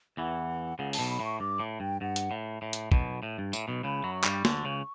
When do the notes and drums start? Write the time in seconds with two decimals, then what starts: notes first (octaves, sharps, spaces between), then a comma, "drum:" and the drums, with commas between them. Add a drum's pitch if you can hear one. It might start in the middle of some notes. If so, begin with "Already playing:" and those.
0.17 E2 E3 F#5
0.79 C#2 C#3 F#5
0.93 A5, drum: open hi-hat
0.99 B1 B2
1.10 B5
1.20 A2
1.25 C#6
1.40 G2 D6
1.60 A2
1.80 G2 G5
2.01 G2 F#5
2.16 drum: hi-hat
2.31 A2
2.62 A2
2.73 drum: hi-hat
2.92 B1 B2, drum: kick
3.23 A2
3.38 G2
3.53 A2, drum: tambourine
3.68 B1 B2
3.83 C#2 C#3 B5
4.03 F#2 F#3
4.14 C#6
4.24 G2 G3, drum: clap
4.45 D2 D3, drum: snare
4.64 C#2 C#3